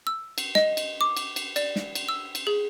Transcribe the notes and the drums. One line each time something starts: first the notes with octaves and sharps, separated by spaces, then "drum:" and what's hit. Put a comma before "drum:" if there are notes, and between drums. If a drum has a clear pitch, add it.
E6
drum: cymbal
D#5, drum: snare
drum: cymbal
D6
drum: cymbal
drum: cymbal
D5, drum: cymbal
drum: snare
drum: cymbal
E6
drum: cymbal
G#4